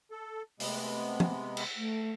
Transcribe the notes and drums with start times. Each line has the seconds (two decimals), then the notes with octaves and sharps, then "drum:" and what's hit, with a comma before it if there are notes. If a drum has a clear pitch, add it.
0.11 A4
0.60 C3 G#3 A3 B3, drum: open hi-hat
1.20 drum: tom
1.57 drum: cymbal
1.76 A3